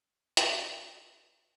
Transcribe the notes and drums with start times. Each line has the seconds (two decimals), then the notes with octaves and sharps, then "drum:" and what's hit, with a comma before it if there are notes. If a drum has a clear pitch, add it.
0.24 C4
0.37 drum: hi-hat
0.49 C4
0.73 D#4
0.90 D4
1.06 C4